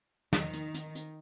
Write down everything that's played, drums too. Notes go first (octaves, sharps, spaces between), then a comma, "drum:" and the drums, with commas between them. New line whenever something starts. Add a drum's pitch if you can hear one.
D#3, drum: snare
drum: hi-hat
drum: hi-hat
drum: hi-hat